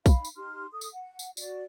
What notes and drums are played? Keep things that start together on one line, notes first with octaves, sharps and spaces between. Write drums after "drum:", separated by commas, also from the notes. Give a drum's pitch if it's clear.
D#4 F5 B5, drum: kick A#1, tambourine
drum: tambourine
D#4 G4 C6 F6
A4 D#6
drum: tambourine
F#5
drum: tambourine
F#4 D5, drum: tambourine